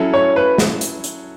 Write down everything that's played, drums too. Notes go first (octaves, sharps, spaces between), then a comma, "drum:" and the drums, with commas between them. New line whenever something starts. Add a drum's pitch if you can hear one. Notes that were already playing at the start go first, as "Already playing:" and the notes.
Already playing: F#3 C#4 E4 A4
C#5
B4
drum: snare
drum: hi-hat
drum: hi-hat